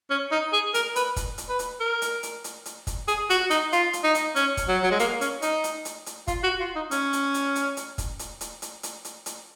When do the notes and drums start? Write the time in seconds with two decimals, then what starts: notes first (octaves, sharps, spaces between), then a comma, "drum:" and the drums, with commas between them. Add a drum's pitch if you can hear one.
0.10 C#4
0.32 D#4
0.53 G#4
0.74 A#4, drum: hi-hat
0.96 B4, drum: hi-hat
1.16 drum: kick, hi-hat
1.38 drum: hi-hat
1.49 B4
1.59 drum: hi-hat
1.80 A#4
2.02 drum: hi-hat
2.23 drum: hi-hat
2.44 drum: hi-hat
2.66 drum: hi-hat
2.87 drum: kick, hi-hat
3.08 G#4, drum: hi-hat
3.30 F#4, drum: hi-hat
3.50 D#4, drum: hi-hat
3.73 F4, drum: hi-hat
3.93 drum: hi-hat
4.04 D#4
4.15 drum: hi-hat
4.36 C#4, drum: hi-hat
4.57 drum: kick, hi-hat
4.68 F#3
4.83 F#3
4.91 G#3
4.99 A#3, drum: hi-hat
5.21 C#4, drum: hi-hat
5.42 D#4, drum: hi-hat
5.64 drum: hi-hat
5.85 drum: hi-hat
6.06 drum: hi-hat
6.28 F4, drum: kick, hi-hat
6.44 F#4
6.60 F4
6.76 D#4
6.91 C#4, drum: hi-hat
7.13 drum: hi-hat
7.34 drum: hi-hat
7.55 drum: hi-hat
7.77 drum: hi-hat
7.98 drum: kick, hi-hat
8.19 drum: hi-hat
8.41 drum: hi-hat
8.62 drum: hi-hat
8.83 drum: hi-hat
9.05 drum: hi-hat
9.26 drum: hi-hat